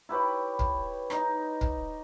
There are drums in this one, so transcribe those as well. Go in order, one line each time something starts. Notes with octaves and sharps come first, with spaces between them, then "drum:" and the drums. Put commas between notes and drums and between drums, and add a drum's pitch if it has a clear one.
E4 G4 B4 C#5
drum: kick
D#4 D#5, drum: rim click
drum: kick